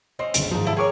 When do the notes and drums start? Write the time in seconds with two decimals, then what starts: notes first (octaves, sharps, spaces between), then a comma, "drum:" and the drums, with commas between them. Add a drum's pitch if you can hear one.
0.19 C4 C#4 C5 D#5
0.34 G1 C#2 D7, drum: hi-hat
0.51 G#2 D#3 F3 D#4
0.65 D3 E4 A5
0.77 G#4 A#4 C#5 G5 C#6 D6